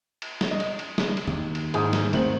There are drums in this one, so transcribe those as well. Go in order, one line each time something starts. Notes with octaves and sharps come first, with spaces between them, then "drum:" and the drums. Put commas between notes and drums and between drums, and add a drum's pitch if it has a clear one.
drum: cymbal
drum: snare
D#5
drum: cymbal
drum: cymbal
drum: snare
drum: cymbal
D#2
drum: cymbal
G#2 G#5 D#6, drum: cymbal
drum: snare
G#2 D#3 A3 C4 F#7, drum: cymbal